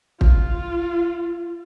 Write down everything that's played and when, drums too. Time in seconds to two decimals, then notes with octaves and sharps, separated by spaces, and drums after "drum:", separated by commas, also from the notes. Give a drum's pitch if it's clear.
0.21 F4, drum: kick